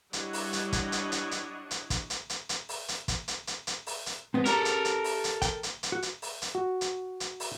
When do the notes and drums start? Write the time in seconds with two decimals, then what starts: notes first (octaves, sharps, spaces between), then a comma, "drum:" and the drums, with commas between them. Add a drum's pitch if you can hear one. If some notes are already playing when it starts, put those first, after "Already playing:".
0.13 G3 D4 E4 C#5 D#5 F#5, drum: hi-hat
0.33 drum: open hi-hat
0.53 drum: hi-hat
0.72 drum: kick, hi-hat
0.92 drum: hi-hat
1.12 drum: hi-hat
1.31 drum: hi-hat
1.71 drum: hi-hat
1.90 drum: kick, hi-hat
2.10 drum: hi-hat
2.30 drum: hi-hat
2.49 drum: hi-hat
2.69 drum: open hi-hat
2.88 drum: hi-hat
3.08 drum: kick, hi-hat
3.28 drum: hi-hat
3.47 drum: hi-hat
3.67 drum: hi-hat
3.87 drum: open hi-hat
4.06 drum: hi-hat
4.34 G#3 B3 C4
4.45 C#4 G4 A4 A#4 A#5, drum: hi-hat
4.65 drum: hi-hat
4.85 drum: hi-hat
5.04 drum: open hi-hat
5.24 drum: hi-hat
5.42 G5, drum: kick, hi-hat
5.63 drum: hi-hat
5.83 drum: hi-hat
5.92 F#4
6.02 drum: hi-hat
6.22 drum: open hi-hat
6.42 drum: hi-hat
6.55 F#4
6.81 drum: hi-hat
7.20 drum: hi-hat
7.40 drum: open hi-hat